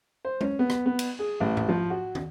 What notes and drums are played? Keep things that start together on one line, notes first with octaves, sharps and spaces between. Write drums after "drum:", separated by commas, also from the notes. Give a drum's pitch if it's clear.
C5
C#4, drum: tom G#3
B3
drum: rim click
B3
drum: cymbal
G#4
A1
drum: tom G#2
F3
F#4
drum: tom